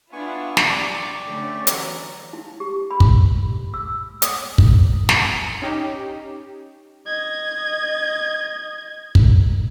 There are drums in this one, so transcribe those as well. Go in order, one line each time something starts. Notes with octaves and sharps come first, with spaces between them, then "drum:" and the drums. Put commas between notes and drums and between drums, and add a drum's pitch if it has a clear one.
B3 D4 E4 F4 G#5 C#6
drum: snare
G4 D5 C#6 D6
D3 A3 C#4
E3 F#3 A#5, drum: hi-hat
E4
G4
B5
drum: kick
E6
D#6, drum: hi-hat
drum: kick
drum: snare
C#4 D#4 G4
D#5 G#6
drum: kick